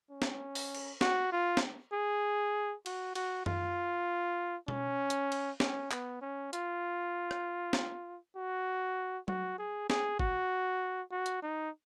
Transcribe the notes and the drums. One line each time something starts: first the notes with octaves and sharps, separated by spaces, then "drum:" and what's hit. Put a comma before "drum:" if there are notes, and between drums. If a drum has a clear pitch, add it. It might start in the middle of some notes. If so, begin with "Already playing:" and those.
C#4
drum: snare
drum: open hi-hat
drum: cymbal
F#4, drum: snare
F4
drum: snare
G#4
F#4, drum: cymbal
F#4, drum: cymbal
F4, drum: tom F#2
C#4, drum: tom B2
drum: hi-hat
drum: cymbal
C#4, drum: snare
B3, drum: clap
C#4
F4, drum: hi-hat
drum: rim click
drum: snare
F#4
F#4, drum: tom F#3
G#4
G#4, drum: snare
F#4, drum: kick
F#4
drum: hi-hat
D#4